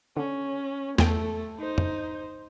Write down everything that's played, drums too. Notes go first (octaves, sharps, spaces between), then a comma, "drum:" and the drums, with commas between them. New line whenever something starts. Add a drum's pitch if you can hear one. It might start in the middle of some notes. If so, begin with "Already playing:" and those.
D3 C#4
E2 A3 A4 G5, drum: snare
D#4 C5
drum: tom